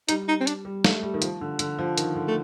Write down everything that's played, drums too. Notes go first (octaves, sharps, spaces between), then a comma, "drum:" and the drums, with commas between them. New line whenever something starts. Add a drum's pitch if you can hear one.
G3 D#4, drum: hi-hat
D#4
C4
D4, drum: hi-hat
G3
A3, drum: snare
G3
D#3
F3, drum: hi-hat
D3
D3, drum: hi-hat
F3
D#3, drum: hi-hat
D3
A3